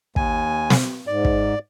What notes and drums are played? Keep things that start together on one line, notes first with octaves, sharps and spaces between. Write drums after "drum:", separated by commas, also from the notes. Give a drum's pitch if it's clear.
D#2 G#5, drum: kick
drum: snare
G#2 D5
drum: kick